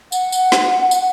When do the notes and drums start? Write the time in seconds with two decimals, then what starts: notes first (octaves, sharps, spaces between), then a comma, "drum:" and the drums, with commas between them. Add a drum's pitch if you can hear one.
0.12 F#5, drum: tambourine
0.32 drum: tambourine
0.52 drum: snare
0.91 drum: tambourine